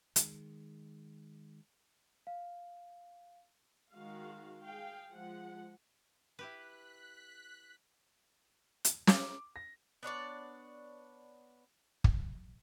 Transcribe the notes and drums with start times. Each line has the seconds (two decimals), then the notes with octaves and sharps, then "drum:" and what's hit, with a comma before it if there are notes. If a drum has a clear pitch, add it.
0.16 D#3 G#3, drum: hi-hat
2.27 F5
3.93 D#3 G#3 F#4 F5
4.63 G#4 F5 G5
5.11 F3 G#3 F#5
6.39 E4 G4 B4 F#6 B6
8.85 drum: hi-hat
9.07 D6, drum: snare
9.56 A#6
10.03 B3 D4 C#5 D5
12.04 drum: kick